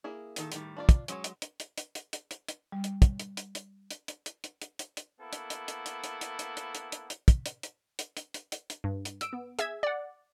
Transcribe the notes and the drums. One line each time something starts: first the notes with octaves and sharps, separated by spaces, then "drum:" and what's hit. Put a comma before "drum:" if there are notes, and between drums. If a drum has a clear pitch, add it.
A#3 E4 G#4
A#2 D#3 A4, drum: hi-hat
A2 D#3 G3, drum: hi-hat
D4 F4 D5
drum: kick, hi-hat
F#3 G#3 C#4 C#5, drum: hi-hat
drum: hi-hat
drum: hi-hat
drum: hi-hat
drum: hi-hat
drum: hi-hat
drum: hi-hat
drum: hi-hat
drum: hi-hat
G3
drum: hi-hat
drum: kick, hi-hat
drum: hi-hat
drum: hi-hat
drum: hi-hat
drum: hi-hat
drum: hi-hat
drum: hi-hat
drum: hi-hat
drum: hi-hat
drum: hi-hat
drum: hi-hat
A#3 B3 E4 A4
drum: hi-hat
drum: hi-hat
drum: hi-hat
drum: hi-hat
drum: hi-hat
drum: hi-hat
drum: hi-hat
drum: hi-hat
drum: hi-hat
drum: hi-hat
drum: hi-hat
drum: kick, hi-hat
drum: hi-hat
drum: hi-hat
drum: hi-hat
drum: hi-hat
drum: hi-hat
drum: hi-hat
drum: hi-hat
G2
drum: hi-hat
E6 D7, drum: hi-hat
B3
G#4 E5 E6 G#6, drum: hi-hat
D5 F#5